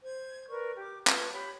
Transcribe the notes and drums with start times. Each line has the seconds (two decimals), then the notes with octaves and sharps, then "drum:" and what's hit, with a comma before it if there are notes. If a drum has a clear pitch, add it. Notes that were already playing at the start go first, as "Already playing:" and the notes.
0.01 C5 G#6
0.49 A#4 B4 D5 C#6
0.77 G4 D6
1.07 F4 B4 F6, drum: clap
1.32 G4 C#5 B5